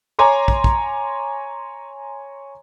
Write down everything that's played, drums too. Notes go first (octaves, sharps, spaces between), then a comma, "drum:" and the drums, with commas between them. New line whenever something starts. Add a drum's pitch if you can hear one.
C#5 G#5 A#5 C6 D6
drum: kick
drum: kick